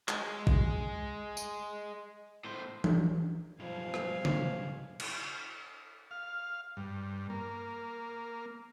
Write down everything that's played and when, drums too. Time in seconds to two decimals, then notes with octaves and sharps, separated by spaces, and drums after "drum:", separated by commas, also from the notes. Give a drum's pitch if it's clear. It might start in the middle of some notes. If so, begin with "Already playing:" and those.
0.08 G#3, drum: clap
0.47 drum: kick
1.37 drum: tambourine
2.44 A2 C5
2.84 drum: tom E3
3.60 B1 G2 F3 F5 G#5
3.94 drum: rim click
4.25 drum: tom C#3
5.00 drum: cymbal
6.11 F5
6.77 G2
7.30 A#3